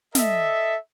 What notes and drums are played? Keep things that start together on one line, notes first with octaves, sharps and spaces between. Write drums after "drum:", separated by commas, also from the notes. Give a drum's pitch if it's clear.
A4 D#5 E5, drum: snare